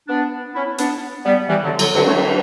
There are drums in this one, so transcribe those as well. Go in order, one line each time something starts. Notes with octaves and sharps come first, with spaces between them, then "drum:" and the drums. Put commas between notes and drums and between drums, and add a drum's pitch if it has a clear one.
B3 D4
C#4 E4
B3 D4, drum: hi-hat
G3 B3
E3 G3
D3 F#3
D3 F#3, drum: cymbal
D3 F#3, drum: cymbal
F#3 A3